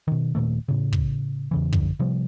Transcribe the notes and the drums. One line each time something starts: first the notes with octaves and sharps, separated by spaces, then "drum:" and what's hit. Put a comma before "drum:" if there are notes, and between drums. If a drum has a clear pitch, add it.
B2 D#3
D#1 A#2 D#3 A3
A2 C#3
drum: kick
E2 C#3 E3
F#1 F#2 D3 F3, drum: kick
C3 F3 G3